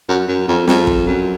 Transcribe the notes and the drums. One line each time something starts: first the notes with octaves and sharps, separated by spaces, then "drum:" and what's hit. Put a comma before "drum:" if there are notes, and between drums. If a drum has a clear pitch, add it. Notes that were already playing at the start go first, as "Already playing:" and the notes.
F#2
F#2
F2
F2, drum: snare
drum: kick
F#2